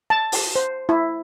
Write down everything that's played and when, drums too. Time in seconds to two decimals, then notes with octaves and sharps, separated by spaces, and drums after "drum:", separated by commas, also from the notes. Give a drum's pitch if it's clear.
0.10 A5
0.32 drum: open hi-hat
0.55 C5
0.89 E4